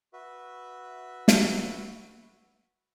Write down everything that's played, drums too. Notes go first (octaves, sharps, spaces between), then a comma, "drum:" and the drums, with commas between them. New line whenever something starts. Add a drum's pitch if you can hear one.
F#4 B4 E5
drum: snare